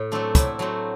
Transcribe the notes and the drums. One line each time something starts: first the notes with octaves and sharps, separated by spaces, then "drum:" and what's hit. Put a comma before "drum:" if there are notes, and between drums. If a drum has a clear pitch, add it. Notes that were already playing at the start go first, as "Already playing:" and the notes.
Already playing: A2
F#3 A3 C4 D4
A2 E4, drum: kick, hi-hat
F#3 A3 C4